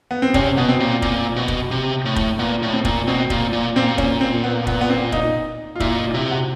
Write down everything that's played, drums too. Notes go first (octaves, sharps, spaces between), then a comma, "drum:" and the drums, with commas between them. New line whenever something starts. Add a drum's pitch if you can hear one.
B3
C4
C3 C#4, drum: kick
B2 B3
C4
A#2
A#2, drum: kick
B2
drum: kick
C3
A2
drum: kick
A#2 B3
A2
C4
A#2, drum: kick
B2 C4
A#2, drum: kick
A#2
A#2 C4
C#4, drum: kick
C4
B3
B3, drum: kick
B3
C4
D#4, drum: kick
F4
A#2 E4, drum: kick
D#4
C3 E4
F#4